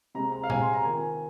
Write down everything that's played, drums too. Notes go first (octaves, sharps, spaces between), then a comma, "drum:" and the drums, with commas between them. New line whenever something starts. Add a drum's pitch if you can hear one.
C3 G#3 C4 A#5
A#5
F5
C3 G#3 C4 G#5, drum: tom A#2
C6
A#5
D#3 C4 F4 G#5